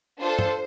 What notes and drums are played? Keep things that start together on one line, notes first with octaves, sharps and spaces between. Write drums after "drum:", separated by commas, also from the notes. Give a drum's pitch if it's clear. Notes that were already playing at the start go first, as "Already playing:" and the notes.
D4 F4 A4 C5
drum: tom